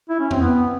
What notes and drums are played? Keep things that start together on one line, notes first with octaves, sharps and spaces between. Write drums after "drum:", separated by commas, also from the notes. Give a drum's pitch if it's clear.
E4
C#4
C4, drum: tom E2
B3